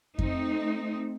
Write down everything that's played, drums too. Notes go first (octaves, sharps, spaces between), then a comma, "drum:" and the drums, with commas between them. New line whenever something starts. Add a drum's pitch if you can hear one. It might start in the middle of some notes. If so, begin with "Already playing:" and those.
A3 C4 D#4, drum: kick F2